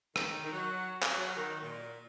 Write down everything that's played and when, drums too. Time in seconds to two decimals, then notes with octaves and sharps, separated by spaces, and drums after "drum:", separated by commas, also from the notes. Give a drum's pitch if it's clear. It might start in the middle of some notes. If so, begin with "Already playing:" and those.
0.16 D#3, drum: rim click
0.44 D#3
0.52 F#3
1.03 drum: clap
1.12 F#3
1.37 D#3
1.61 A#2